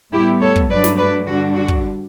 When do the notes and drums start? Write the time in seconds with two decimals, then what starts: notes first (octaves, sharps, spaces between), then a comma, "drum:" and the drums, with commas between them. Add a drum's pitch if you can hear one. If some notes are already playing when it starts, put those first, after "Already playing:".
0.13 A2 G3 B3 E4 G4
0.41 A4 C#5
0.56 drum: kick
0.70 G2 F#3 A3 D4 B4 D5
0.84 drum: snare
0.97 B4 D5
1.26 G2 D3 G3 D4 F#4
1.54 F#4
1.68 drum: kick